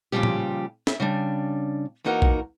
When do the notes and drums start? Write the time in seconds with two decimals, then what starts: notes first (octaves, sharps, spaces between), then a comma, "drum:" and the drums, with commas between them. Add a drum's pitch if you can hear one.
0.12 A#2 C#3 E3 F3 G3 G4
0.23 drum: tom
0.87 E5, drum: snare
1.00 C#3 G3 D4
2.04 E2 A#3 D#4 F#4 A#4 F#5
2.22 drum: kick